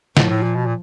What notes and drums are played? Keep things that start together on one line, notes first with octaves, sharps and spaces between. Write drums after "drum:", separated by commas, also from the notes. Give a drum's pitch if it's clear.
A2 F3, drum: snare
A2
A#2
B2
A#2